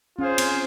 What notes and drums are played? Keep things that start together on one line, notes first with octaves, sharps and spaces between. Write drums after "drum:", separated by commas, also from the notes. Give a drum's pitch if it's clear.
C#4 F4 G#4 C5 F5
C4, drum: cymbal